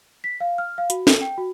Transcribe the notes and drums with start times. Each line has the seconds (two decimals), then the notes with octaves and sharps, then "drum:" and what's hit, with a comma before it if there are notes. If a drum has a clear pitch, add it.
0.24 B6
0.41 F5
0.58 F6
0.78 F5
0.90 F#4, drum: hi-hat
1.07 A4, drum: snare
1.21 G5
1.38 F#4